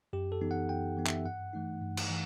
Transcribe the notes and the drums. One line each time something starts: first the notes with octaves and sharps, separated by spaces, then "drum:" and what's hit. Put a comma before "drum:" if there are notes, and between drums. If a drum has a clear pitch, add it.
F#2 G4
A4
E3 B3 D#4
F#5
F#2 G5
E3 B3 D#4
E5, drum: clap
G2 F#5
E3 A3 D#4
G2
drum: cymbal
E3